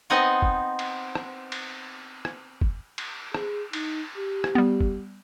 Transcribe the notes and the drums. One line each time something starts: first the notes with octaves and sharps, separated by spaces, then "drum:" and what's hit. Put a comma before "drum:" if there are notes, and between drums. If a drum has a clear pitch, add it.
B3 C4 D#4 D#5 F#5 G#5
drum: kick
drum: cymbal
drum: rim click
drum: cymbal
drum: rim click
drum: kick
drum: cymbal
G#4, drum: rim click
D#4, drum: cymbal
G4
drum: rim click
G3 B3
drum: kick